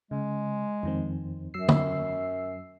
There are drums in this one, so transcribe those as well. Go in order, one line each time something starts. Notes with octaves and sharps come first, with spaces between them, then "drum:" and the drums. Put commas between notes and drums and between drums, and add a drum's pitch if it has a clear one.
C#3 G#3
F2 D#3 C4
F#2 F#3 E6 C7
drum: tom